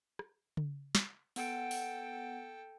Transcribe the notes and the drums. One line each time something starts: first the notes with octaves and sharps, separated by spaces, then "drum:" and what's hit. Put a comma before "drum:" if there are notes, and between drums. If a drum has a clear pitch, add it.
drum: rim click
drum: tom C#3
drum: snare
B3 A4 F#5 G5 D7, drum: open hi-hat
drum: open hi-hat